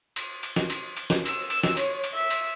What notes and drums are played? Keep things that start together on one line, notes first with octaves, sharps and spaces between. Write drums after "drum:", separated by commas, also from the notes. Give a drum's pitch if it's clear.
drum: cymbal
drum: cymbal
drum: snare
drum: cymbal
drum: cymbal
drum: snare
E6, drum: cymbal
drum: cymbal
drum: snare
C#5, drum: cymbal
drum: cymbal
E5
drum: cymbal